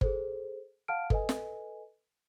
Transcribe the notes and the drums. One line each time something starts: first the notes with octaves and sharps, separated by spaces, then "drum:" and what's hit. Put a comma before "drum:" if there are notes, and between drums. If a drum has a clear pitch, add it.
G#4 A4 C5, drum: kick G1
F5 F#5 A5 F6 D7
A4 B4 D#5 G#5, drum: kick G1
drum: snare